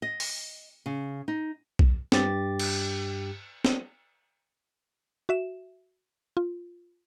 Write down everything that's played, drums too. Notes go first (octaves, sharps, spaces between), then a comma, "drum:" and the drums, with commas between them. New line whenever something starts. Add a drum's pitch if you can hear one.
D#5
drum: open hi-hat
C#3
D#4
drum: kick
G2 G4 A6, drum: snare
drum: cymbal
drum: snare
F#4 E5 E7
F4